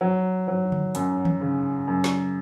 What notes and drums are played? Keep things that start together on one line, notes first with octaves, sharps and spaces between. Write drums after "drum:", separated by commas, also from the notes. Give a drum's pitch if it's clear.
F#3
F#3
drum: tom D3
F#2, drum: hi-hat
drum: tom D#3
C#3
F#2
drum: snare